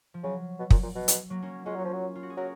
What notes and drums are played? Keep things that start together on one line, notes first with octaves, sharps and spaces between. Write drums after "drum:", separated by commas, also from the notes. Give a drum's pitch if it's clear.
F3
C#3 F#3
B2
A#2, drum: kick
A#2
B2
drum: hi-hat
F#3 A#3
A#3 C#4
G#3 C#4 F4
F#3
F3
F#3
F4
F#4
G#4
F#3 F#4 A#4